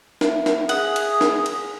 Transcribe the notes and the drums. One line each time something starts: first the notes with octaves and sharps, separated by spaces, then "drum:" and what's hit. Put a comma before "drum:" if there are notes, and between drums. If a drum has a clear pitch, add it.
E5, drum: snare
drum: snare
G#4 F#5 D#6, drum: cymbal
drum: cymbal
drum: snare
drum: cymbal